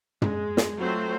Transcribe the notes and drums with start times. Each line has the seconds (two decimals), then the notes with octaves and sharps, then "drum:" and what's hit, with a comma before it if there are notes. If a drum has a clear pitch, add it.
0.22 G#3, drum: tom
0.57 drum: snare
0.81 F#3 A3 C4 F4 C5